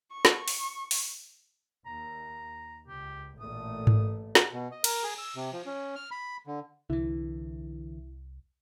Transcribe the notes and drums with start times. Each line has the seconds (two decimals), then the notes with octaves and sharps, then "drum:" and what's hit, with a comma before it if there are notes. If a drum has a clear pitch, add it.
0.11 C#6
0.25 drum: snare
0.48 drum: open hi-hat
0.91 drum: open hi-hat
1.86 D#2 A#5
2.88 C#2 G4
3.40 A1 A#2 A3 D#6
3.87 drum: tom G#2
4.35 drum: snare
4.53 B2
4.71 D#5
4.84 A#4, drum: cymbal
5.04 G#4
5.18 E6
5.36 C3
5.53 F3
5.66 C#4
5.95 F6
6.11 B5
6.47 D3
6.90 C2 D3 E3 E4